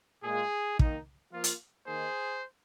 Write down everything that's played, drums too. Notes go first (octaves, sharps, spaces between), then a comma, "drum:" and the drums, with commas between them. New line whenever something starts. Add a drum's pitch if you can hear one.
A#2 G#3 F4 G#4
D#3 A#3 D#4, drum: kick
F3 A#3 F4
drum: hi-hat
D#3 A#3 D#4 G#4 C5